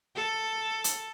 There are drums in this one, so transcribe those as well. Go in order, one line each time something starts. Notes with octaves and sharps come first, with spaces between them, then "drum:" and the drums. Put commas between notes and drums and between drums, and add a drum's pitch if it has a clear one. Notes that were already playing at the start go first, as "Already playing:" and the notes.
A4
drum: hi-hat